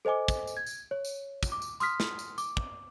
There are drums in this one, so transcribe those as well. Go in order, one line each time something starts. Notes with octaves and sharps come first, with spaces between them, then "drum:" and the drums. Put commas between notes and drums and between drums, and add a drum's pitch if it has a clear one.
A4 C5 D#5 G#5 D6
drum: kick, tambourine
drum: tambourine
G#6
drum: tambourine
C#5
drum: tambourine
drum: kick, tambourine
D6
drum: tambourine
C6 D#6 F6 B6, drum: tambourine
drum: snare
drum: tambourine
D6, drum: tambourine
drum: kick